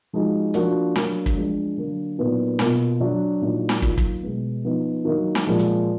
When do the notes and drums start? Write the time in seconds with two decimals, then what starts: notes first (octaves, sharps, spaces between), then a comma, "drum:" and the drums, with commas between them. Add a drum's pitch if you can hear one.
0.13 F3 G#3 D#4 F#4
0.54 F3 A#3 D4 F#4, drum: hi-hat
0.96 F#3 A#3 D4 F#4, drum: snare
1.26 drum: kick
1.36 F3 G#3 D4
1.77 D3 F#3 A#3 D4
2.18 A#2 F#3 B3 D#4
2.59 B2 A#3 F4, drum: snare
3.00 F#3 D4 F#4
3.42 A#2 F#3 A#3 D#4 F#4
3.69 drum: snare
3.82 D#3 F#3 A#3 F4, drum: kick
3.98 drum: kick
4.23 B2 G#3 B3
4.65 F3 B3 D#4
5.05 D#3 F#3 A#3 D#4 F#4
5.35 drum: snare
5.47 A#2 F3 G#3
5.59 drum: hi-hat